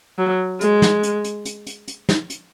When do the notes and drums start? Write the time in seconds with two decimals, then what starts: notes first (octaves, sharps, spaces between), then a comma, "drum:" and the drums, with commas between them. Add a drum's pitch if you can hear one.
0.19 F#3
0.61 G#3, drum: hi-hat
0.82 drum: snare
1.03 drum: hi-hat
1.24 drum: hi-hat
1.45 drum: hi-hat
1.66 drum: hi-hat
1.88 drum: hi-hat
2.09 drum: snare
2.30 drum: hi-hat